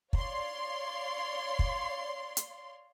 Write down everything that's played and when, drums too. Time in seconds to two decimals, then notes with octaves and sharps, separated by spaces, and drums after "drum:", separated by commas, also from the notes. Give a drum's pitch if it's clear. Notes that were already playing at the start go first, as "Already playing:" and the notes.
0.13 C#5 D5 F5 C6, drum: kick
1.59 drum: kick
2.37 drum: hi-hat